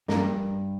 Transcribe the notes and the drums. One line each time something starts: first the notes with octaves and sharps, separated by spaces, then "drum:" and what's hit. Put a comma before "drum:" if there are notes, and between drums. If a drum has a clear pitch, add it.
G2 A#3 A#4, drum: snare